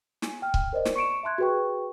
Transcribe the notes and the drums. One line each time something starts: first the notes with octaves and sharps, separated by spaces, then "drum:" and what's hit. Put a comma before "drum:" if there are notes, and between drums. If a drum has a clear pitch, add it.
G#5, drum: snare
G5 F6
drum: kick C#1
A#4 C5 D5 D#5
drum: snare
C#6 C#7 D7 E7
E5 A5 C6 F#6 G#6
F#4 G#4 B4 G5 C#6